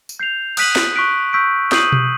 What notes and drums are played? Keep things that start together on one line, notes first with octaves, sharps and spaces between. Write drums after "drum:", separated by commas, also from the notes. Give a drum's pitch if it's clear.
drum: tambourine
G6 C7 F7
D#6 F#6 B6 D#7 F#7, drum: cymbal
drum: snare
C#6 F#6 B6 D7
C#6 E6 G6 B6 D7
D#6 G6 C7 D#7 F#7, drum: snare
drum: tom B2